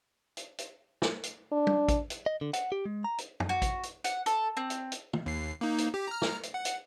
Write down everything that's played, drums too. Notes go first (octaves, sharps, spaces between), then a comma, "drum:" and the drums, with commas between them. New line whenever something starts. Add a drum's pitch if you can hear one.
drum: hi-hat
drum: hi-hat
drum: snare
drum: hi-hat
D4
drum: tom
drum: kick A1, hi-hat
drum: hi-hat
D#5
D3
F#5, drum: hi-hat
G4
G#3
A#5
drum: hi-hat
drum: tom
F#4
drum: kick A1, hi-hat
drum: hi-hat
F#5, drum: hi-hat
A4, drum: hi-hat
C4
drum: hi-hat
drum: hi-hat
drum: tom
D#2 C7
A#3 D#4
drum: hi-hat
G4
A#5 F6
drum: snare
drum: hi-hat
F#5
drum: hi-hat